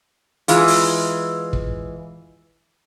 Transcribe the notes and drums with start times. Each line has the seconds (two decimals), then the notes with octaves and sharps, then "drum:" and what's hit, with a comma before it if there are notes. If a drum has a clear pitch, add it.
0.48 E3 G#3 F4, drum: hi-hat
0.68 drum: open hi-hat
1.53 drum: kick